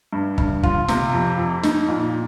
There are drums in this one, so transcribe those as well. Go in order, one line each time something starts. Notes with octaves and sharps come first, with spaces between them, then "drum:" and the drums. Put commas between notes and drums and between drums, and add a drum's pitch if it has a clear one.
G2
G2, drum: kick
F4, drum: kick
C3, drum: snare
F2
F2
D#4, drum: snare
A#2